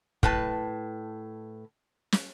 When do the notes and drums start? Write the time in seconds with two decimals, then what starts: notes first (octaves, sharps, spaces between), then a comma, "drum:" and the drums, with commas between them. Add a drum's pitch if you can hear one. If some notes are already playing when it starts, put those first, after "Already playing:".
0.23 A2 B4 A5, drum: kick
2.12 drum: snare